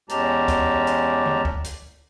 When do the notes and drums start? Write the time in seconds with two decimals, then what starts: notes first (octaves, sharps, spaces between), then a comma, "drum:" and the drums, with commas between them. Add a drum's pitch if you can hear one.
0.09 E2 G#3 C#4 G4 A5 A#5, drum: hi-hat
0.48 drum: kick D2, hi-hat
0.87 drum: hi-hat
1.26 drum: tom D3
1.45 drum: kick D2
1.64 drum: hi-hat